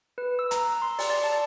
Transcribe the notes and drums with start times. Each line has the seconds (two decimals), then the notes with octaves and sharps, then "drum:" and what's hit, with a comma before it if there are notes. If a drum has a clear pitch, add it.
0.18 B4
0.39 E6
0.51 A#5, drum: hi-hat
0.82 C6
0.99 D5, drum: open hi-hat
1.10 D5
1.24 A5